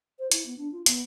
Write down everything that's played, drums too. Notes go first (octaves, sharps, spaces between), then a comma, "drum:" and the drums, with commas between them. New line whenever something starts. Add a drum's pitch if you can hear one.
C5
E4, drum: hi-hat
B3
D4
F4
B3, drum: hi-hat